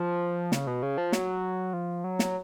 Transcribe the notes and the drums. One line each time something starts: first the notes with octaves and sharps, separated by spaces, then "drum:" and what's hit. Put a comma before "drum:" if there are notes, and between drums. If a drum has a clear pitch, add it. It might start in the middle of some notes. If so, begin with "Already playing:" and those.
Already playing: F3
C#3, drum: snare
B2
C#3
F3
F#3, drum: snare
F3
F#3
drum: snare